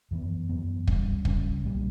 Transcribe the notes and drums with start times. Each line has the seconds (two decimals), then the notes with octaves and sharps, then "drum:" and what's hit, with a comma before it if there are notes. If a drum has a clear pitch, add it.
0.11 F#2 E3 B3
0.49 F#2 E3 B3
0.87 C#2 C#3 G3 C#4, drum: kick
1.25 C#2 C#3 G3 C#4, drum: kick
1.63 B1 A#2 G3